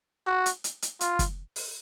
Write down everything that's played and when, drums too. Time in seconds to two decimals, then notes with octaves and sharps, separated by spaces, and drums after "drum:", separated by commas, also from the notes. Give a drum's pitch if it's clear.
0.27 F#4
0.46 drum: hi-hat
0.64 drum: hi-hat
0.82 drum: hi-hat
1.01 F4, drum: hi-hat
1.19 drum: kick, hi-hat
1.56 drum: open hi-hat